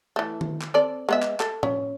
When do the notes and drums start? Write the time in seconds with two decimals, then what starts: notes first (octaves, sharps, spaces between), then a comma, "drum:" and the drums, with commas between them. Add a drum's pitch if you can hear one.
0.16 E3 A3
0.41 drum: tom D#3
0.61 drum: clap
0.74 C4 A4 D5
1.09 G#3 B3 E5
1.22 drum: clap
1.40 A4, drum: clap
1.63 C#4, drum: tom A2